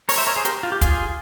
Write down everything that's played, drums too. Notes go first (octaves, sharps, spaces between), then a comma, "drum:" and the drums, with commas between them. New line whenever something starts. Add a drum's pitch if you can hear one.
A#4 C#5, drum: open hi-hat
C5 E5
A#4 C#5
G#4 C5
G4 A#4, drum: hi-hat
F4
G4
F4 G#4, drum: kick, hi-hat